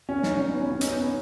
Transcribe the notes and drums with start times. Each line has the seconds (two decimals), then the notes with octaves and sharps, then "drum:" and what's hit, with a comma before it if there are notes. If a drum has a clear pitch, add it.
0.09 C#4
0.23 D#4, drum: snare
0.37 C#4
0.52 B3
0.61 C#4
0.72 C#4
0.81 D#4, drum: hi-hat
0.91 B3
1.01 C#4